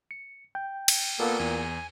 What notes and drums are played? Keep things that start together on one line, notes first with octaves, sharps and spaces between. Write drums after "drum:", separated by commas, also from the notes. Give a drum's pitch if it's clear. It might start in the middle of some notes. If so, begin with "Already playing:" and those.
C#7
G5 G6
drum: cymbal
A#2 A#3 B3 A4
E2 G#5